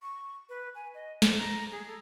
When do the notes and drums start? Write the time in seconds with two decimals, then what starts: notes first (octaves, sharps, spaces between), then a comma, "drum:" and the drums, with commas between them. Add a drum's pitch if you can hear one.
0.02 C#6
0.49 B4
0.75 G#5
0.94 D#5
1.22 C5, drum: snare
1.38 A#5
1.72 G#4
1.87 A4